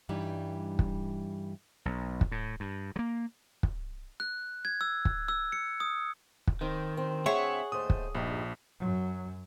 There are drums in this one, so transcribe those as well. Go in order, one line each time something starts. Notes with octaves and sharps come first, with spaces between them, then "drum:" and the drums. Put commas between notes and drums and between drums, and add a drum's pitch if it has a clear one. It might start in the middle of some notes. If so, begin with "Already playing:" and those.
G2 E3 G3 D4 D#4
drum: kick
B1
drum: kick
A2
G2
F#3 A#3
drum: kick
F#6
G#6
E6
drum: kick
E6
C#7
D#6
drum: kick
D#3 C4
D2 C4
G#4 C#5 E5 F#5 C#6
D#2 A3 C5 D#6
drum: kick
A#1 G2 G3 D#4
F#2 F#3